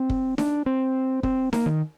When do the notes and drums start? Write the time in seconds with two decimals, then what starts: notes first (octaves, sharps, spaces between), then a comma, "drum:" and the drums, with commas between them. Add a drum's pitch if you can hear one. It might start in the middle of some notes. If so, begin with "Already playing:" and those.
Already playing: C4
0.09 drum: kick
0.38 D4, drum: snare D#4
0.66 C4
1.23 C4, drum: kick
1.53 A#3, drum: snare D#4
1.66 D#3